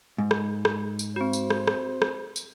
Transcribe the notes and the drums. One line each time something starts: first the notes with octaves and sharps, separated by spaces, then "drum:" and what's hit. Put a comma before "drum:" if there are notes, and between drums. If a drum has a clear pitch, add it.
G#2
drum: rim click
drum: rim click
drum: tambourine
C4 F#4 C5
drum: tambourine
drum: rim click
drum: rim click
drum: rim click
drum: tambourine